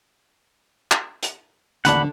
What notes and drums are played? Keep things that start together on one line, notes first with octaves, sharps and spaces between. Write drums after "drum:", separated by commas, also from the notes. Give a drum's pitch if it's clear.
drum: clap
drum: hi-hat
A1 D#2 D3 D4 F#5 B5, drum: hi-hat